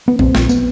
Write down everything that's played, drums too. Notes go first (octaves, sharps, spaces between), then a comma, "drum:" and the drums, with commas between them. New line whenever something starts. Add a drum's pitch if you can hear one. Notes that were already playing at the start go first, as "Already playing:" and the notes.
B3
A#1 C4, drum: kick
A#1, drum: snare
B3, drum: tambourine